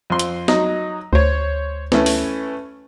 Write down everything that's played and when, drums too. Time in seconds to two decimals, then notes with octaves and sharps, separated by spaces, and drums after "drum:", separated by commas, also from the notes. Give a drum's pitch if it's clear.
0.10 F2 C6
0.19 drum: hi-hat
0.48 F#3 D#4, drum: snare
1.13 D2 C5 C#5
1.92 E3 A3 C#4, drum: snare
2.06 drum: open hi-hat